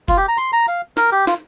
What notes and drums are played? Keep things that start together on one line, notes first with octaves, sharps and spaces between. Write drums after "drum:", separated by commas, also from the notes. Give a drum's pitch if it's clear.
F4, drum: kick F1, tambourine
G4
A#5
C6, drum: tambourine
A#5
F5, drum: tambourine
A#4, drum: snare
G4
F4, drum: snare